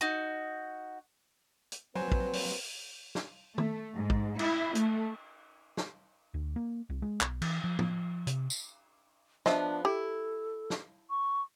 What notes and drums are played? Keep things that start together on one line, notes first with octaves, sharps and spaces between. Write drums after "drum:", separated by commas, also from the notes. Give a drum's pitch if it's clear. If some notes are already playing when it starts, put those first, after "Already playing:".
D#4 F#4
drum: hi-hat
F#3 A#3 C4 B4 C5 G#5
drum: kick
drum: open hi-hat
drum: snare
A3, drum: tom
G#2
drum: kick
E4, drum: cymbal
A3, drum: hi-hat
drum: snare
D2
A#3
C2
G#3
B1, drum: clap
E3, drum: cymbal
F3
F3, drum: tom
C3, drum: hi-hat
drum: tambourine
F3 B3 D4 D#5 E5, drum: snare
E4 G4 A4
drum: snare
C#6